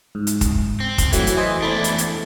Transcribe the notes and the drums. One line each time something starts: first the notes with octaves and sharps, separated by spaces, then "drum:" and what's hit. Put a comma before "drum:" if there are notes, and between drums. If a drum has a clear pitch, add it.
G#2
drum: hi-hat
drum: kick, hi-hat
C4
drum: kick, hi-hat
E3 F#3 A3, drum: hi-hat
drum: hi-hat
C5 D#5 G#5
E2 A3 D4 B5
drum: hi-hat
drum: hi-hat